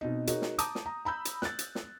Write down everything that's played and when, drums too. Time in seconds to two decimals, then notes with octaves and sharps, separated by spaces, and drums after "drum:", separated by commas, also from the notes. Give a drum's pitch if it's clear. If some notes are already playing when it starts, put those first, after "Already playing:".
0.01 B2 C4 D#4
0.27 D#4 F#4 G#4 A#4 C#5 D#5, drum: hi-hat
0.42 drum: snare
0.58 A5 A#5 D6 D#6 G6, drum: hi-hat
0.75 drum: snare
0.86 A#5
1.05 A#5 B5 E6 G6
1.25 drum: hi-hat
1.42 F#6 A6, drum: snare
1.59 drum: hi-hat
1.75 drum: snare